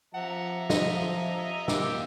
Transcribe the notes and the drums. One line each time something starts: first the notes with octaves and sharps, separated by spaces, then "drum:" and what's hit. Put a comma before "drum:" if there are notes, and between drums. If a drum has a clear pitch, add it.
F3 E5 F#5 A#5
F3 D#5, drum: snare
A#3 G4 G5 E6, drum: snare